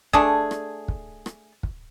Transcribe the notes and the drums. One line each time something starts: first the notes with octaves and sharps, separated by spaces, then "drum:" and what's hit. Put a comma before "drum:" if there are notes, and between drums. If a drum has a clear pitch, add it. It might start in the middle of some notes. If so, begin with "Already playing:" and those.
A3 D4 G#4, drum: kick
drum: rim click
drum: kick
drum: rim click
drum: kick